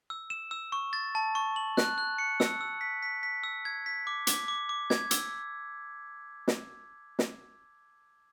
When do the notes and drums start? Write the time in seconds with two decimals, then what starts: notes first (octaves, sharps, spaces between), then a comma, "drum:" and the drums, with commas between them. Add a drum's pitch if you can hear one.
0.10 E6
0.30 E7
0.51 E6
0.72 C#6
0.93 A6
1.15 A5
1.35 C#6
1.56 F#7
1.77 F#6, drum: snare
1.98 F#6
2.18 C#7
2.40 E6, drum: snare
2.61 E6
2.81 B6
3.03 B6
3.23 B6
3.43 E6
3.65 G#6
3.86 B6
4.07 D6
4.27 D6, drum: hi-hat
4.48 D6
4.69 D6
4.90 G#6, drum: snare
5.11 E6, drum: hi-hat
6.48 drum: snare
7.19 drum: snare